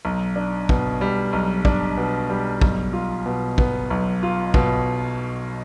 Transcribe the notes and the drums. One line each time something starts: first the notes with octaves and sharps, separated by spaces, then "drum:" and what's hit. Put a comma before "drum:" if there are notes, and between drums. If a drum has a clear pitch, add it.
B1
D4
B2, drum: kick
G3
B1
D4, drum: kick
B2
G3
B1, drum: kick
F4
B2
B3, drum: kick
B1
F4
B2, drum: kick